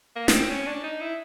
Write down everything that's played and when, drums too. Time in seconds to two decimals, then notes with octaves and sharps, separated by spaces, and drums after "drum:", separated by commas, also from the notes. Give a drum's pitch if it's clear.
0.16 A#3
0.28 B3, drum: snare
0.33 C4
0.50 C#4
0.66 D4
0.84 D#4
1.01 E4